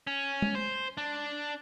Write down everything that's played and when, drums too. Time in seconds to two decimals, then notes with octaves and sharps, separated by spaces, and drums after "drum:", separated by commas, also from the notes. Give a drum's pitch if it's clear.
0.07 C#4
0.42 drum: tom G#3
0.55 C5
0.98 D4